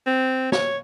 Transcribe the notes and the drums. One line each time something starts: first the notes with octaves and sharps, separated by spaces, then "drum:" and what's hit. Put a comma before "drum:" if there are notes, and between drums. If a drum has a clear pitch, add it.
C4
C#5, drum: snare